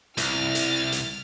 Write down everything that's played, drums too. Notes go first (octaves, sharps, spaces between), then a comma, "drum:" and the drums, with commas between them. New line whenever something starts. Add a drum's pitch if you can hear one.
C2 E4 F6 A6, drum: hi-hat
drum: hi-hat
drum: hi-hat